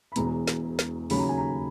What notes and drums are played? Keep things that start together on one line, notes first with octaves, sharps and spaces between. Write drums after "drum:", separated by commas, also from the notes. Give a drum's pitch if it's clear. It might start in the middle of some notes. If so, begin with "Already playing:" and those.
B5
E1 E2 B2 A#5, drum: hi-hat
drum: snare
drum: snare
D#2 C#3 F#3 C#4 B5, drum: open hi-hat
A#5
G#5
A#5